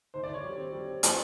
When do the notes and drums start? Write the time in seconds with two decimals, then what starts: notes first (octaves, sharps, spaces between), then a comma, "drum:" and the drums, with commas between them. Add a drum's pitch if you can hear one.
0.14 D#3 C5
0.24 D5
0.28 D#3
0.34 C#5
0.43 G3
0.58 C4
0.73 G3
0.87 C4
1.03 C4 C5, drum: hi-hat